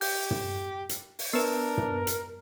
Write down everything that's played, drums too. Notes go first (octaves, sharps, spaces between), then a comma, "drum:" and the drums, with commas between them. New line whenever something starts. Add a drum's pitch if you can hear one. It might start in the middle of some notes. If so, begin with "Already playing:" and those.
G4 G6, drum: open hi-hat
drum: tom
drum: hi-hat
drum: open hi-hat
B3 D4 A#4 B4
drum: tom
drum: hi-hat